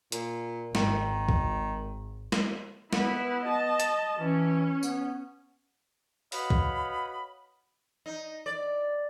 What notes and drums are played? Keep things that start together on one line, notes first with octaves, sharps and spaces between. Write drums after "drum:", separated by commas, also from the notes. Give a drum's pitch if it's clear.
A#2, drum: hi-hat
G#1 D#3, drum: snare
drum: kick
drum: snare
B3 E4 B4, drum: snare
D#5 A5
drum: hi-hat
E3 C#4
B3, drum: tambourine
F#4 B4 C#5 D#5 F5 B5, drum: open hi-hat
drum: kick
D#4
D5